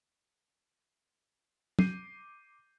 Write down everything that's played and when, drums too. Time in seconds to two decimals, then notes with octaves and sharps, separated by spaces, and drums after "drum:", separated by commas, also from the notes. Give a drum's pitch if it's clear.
1.79 D6 G6 C7 D#7, drum: tom